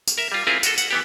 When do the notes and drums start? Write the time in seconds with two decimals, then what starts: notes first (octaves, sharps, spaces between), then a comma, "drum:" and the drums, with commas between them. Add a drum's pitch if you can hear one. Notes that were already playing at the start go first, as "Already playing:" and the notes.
0.08 drum: tambourine
0.18 A#4 E5
0.32 G3 F4
0.47 C4 E4 F4 G#4 A#4
0.63 F#4 A4, drum: tambourine
0.78 F#5, drum: tambourine
0.91 E3 B3 G4